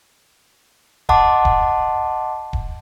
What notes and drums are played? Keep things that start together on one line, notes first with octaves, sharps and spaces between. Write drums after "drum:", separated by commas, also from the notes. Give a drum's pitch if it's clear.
D#5 F#5 A5 C6 D6, drum: kick D#1
drum: kick D#1
drum: kick D#1